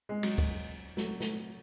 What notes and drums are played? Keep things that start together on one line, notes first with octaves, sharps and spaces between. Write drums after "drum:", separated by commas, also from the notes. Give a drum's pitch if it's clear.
G#3
F#3, drum: cymbal
drum: kick
F#3, drum: snare
drum: snare